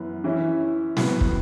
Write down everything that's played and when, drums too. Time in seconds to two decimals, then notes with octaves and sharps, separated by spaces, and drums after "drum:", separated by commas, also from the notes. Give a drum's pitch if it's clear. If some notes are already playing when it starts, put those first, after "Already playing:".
Already playing: F#2 E3 B3 E4
0.24 E3 C#4 E4
0.97 A2 F#3 B3 F#4, drum: snare
1.21 drum: kick